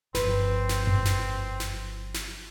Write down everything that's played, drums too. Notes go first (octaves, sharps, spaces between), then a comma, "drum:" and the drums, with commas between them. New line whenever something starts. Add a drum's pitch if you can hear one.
G1 F3 C4 B4, drum: snare
drum: snare
drum: tom F#2
drum: snare
drum: snare
drum: snare